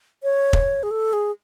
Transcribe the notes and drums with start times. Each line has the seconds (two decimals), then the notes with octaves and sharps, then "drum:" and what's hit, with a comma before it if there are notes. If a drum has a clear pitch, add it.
0.23 C#5
0.53 drum: kick
0.83 G#4
0.91 A4
1.13 G#4